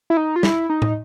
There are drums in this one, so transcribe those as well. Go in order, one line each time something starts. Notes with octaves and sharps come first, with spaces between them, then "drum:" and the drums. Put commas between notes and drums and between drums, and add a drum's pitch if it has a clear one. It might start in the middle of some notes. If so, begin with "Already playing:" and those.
E4
D#4
F4
E4, drum: snare
D#4
drum: tom